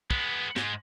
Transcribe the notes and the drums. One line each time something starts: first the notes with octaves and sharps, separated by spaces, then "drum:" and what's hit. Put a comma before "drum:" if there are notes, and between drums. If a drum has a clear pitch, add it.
G#3 B3, drum: kick
G#2 G#3, drum: snare